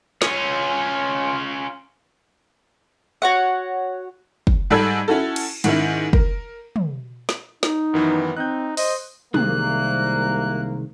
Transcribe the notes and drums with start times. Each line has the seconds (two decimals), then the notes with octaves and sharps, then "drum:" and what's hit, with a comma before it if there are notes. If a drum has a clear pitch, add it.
0.22 C#4 F4, drum: snare
3.22 F#4 C#5 F#5
4.47 drum: kick
4.70 G#2 G3 A4 E6 G#6
5.08 C#4 E4 F#4 A4
5.36 drum: cymbal
5.64 G#2 D#3 C#4 E4, drum: hi-hat
6.13 A#4, drum: kick
6.76 drum: tom
7.29 drum: snare
7.63 D#4, drum: snare
7.94 F#2 D#3 E3 B3
8.37 C4 D#4 F#6 G6
8.77 C5 D#5, drum: open hi-hat
9.34 C2 C3 D#3 G#3 A#3 F#6, drum: tom